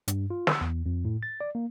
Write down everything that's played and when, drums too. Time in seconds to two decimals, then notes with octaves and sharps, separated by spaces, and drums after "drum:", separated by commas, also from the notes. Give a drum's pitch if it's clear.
0.08 G2, drum: hi-hat
0.30 F4
0.47 E6, drum: snare
0.61 E2
0.86 F2
1.05 A2
1.23 A6
1.41 D5
1.55 A#3